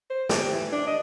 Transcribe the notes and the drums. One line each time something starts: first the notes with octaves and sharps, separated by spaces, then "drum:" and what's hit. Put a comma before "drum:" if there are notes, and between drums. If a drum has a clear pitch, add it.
C5
G4, drum: snare
E3
D4
D#5